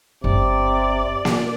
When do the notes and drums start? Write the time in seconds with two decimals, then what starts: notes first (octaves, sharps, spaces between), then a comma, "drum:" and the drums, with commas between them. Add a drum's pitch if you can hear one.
0.24 G1 C3 D5
1.25 drum: snare A#3